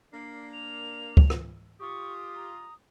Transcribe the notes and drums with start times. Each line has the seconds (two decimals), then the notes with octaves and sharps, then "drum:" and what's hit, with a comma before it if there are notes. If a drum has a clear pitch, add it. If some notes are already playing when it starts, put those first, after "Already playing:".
0.13 A#3 D4 C7
0.53 F7
1.17 drum: kick C#2
1.30 drum: rim click
1.80 F4 G4 C#6 D#6
2.36 A#5